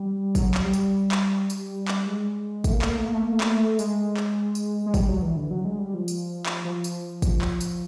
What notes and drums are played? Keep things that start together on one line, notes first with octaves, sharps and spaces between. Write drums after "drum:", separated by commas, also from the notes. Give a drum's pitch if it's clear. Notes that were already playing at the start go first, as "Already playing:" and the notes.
Already playing: G3
F#3, drum: kick, tambourine
drum: clap
G3
drum: tambourine
drum: clap
drum: tambourine
drum: clap
G#3
A3, drum: kick, tambourine
A#3
A3, drum: clap
A#3
A3
A#3
A3
A#3
A3
A#3, drum: clap
A3
G#3, drum: tambourine
drum: clap
drum: tambourine
G#3
G3, drum: kick, tambourine
F#3
E3
D3
F#3
G#3
G3
F3
drum: tambourine
drum: clap
F3
drum: tambourine
drum: kick, tambourine
drum: clap
drum: tambourine